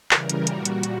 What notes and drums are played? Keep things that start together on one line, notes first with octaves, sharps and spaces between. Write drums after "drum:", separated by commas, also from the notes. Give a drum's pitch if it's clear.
C#3 E3 G3 A#4, drum: clap
drum: hi-hat
A#2 G3 F#4, drum: hi-hat
drum: hi-hat
drum: hi-hat